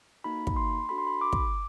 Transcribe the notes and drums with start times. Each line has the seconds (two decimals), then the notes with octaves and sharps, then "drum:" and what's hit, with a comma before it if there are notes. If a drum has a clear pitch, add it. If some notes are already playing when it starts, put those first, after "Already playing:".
0.24 A#3 D#4 F#4 A4 B5
0.47 B5, drum: kick
0.56 C6
0.89 D4 F#4 A4 B5
0.98 C6
1.07 B5
1.21 D6
1.33 drum: kick